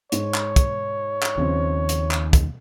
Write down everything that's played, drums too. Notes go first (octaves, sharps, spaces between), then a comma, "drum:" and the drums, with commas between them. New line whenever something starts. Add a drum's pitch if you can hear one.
G#2 C#5, drum: hi-hat
drum: clap
drum: kick, hi-hat
drum: clap
D#2 C#3 F3 C4
drum: hi-hat
drum: clap
drum: kick, hi-hat